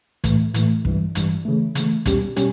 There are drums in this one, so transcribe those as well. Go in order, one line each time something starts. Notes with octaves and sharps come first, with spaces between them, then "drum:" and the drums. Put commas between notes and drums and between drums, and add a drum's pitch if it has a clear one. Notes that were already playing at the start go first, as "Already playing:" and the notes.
A2 E3 A3, drum: kick, hi-hat
A2 E3 A3, drum: hi-hat
A1 G2 E3 G3, drum: kick
A1 G2 E3 G3, drum: hi-hat
C#3 E3 A3
C#3 E3 A3, drum: hi-hat
E2 B2 G3 C#4 G4, drum: kick, hi-hat
B2 G3 C#4 G4, drum: hi-hat